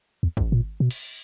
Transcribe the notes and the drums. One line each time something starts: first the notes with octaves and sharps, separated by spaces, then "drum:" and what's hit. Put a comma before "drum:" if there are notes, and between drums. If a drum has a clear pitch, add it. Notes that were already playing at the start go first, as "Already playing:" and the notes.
E2
F#2, drum: kick
A#2
B2
drum: cymbal